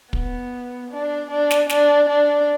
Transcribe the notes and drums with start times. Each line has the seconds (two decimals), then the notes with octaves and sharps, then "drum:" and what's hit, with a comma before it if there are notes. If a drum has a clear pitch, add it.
0.13 B3, drum: kick
0.91 D4
1.31 D4
1.51 drum: snare
1.69 D4, drum: snare
2.09 D4